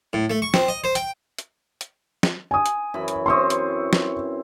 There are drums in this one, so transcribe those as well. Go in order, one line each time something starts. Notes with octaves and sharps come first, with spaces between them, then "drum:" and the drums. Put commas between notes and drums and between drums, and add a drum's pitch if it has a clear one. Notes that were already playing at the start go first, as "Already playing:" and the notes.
A2
A3
C#6
C4, drum: snare
D#5
C5
G5, drum: hi-hat
drum: hi-hat
drum: hi-hat
drum: snare
G#5 D#6
drum: hi-hat
F#2 E3 B5
drum: hi-hat
C4 E4 C6 C#6 D#6
drum: hi-hat
drum: snare